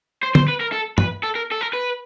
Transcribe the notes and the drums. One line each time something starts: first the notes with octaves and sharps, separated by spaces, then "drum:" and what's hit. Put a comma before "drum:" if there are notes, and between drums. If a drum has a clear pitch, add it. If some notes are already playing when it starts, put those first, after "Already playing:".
C5
C5, drum: tom
B4
A#4
A4
B4, drum: tom
A4
A#4
A4
A#4
B4